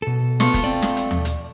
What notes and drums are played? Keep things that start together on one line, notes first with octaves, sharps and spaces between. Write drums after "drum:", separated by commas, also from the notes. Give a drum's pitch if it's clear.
B2 A4
A3 B3 F4, drum: snare
drum: kick F1, hi-hat
C4 D5
drum: snare
drum: hi-hat
drum: tom D#2
drum: hi-hat